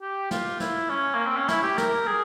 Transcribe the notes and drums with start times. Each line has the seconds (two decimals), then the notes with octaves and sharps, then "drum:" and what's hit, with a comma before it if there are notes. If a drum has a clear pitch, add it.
0.02 G4
0.31 F4, drum: snare
0.60 E4, drum: snare
0.90 C#4
1.15 A#3
1.26 C4
1.37 C#4
1.48 E4, drum: snare
1.63 G4
1.78 A#4, drum: snare
2.07 G#4